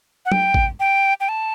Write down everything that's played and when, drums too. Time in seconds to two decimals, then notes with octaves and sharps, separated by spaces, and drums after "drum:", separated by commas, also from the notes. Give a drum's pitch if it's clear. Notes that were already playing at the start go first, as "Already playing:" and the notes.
0.26 F#5
0.32 G5, drum: tom F#3
0.54 drum: kick A1
0.80 G5
1.20 G5
1.29 A5